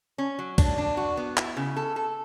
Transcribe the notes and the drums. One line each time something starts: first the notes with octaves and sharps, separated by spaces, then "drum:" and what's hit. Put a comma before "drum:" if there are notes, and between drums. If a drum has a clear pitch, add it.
C#4
F#3
D4, drum: kick, cymbal
D4
F#4
B3
E4, drum: clap
C#3
A4
A4